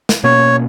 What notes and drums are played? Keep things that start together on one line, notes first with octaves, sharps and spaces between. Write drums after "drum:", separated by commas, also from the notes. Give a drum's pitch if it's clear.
drum: snare
B2 A#3 C#4 C#5